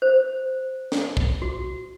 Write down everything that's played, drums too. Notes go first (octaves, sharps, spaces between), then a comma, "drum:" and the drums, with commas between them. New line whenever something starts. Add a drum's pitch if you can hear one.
C5
drum: snare
drum: kick
F#4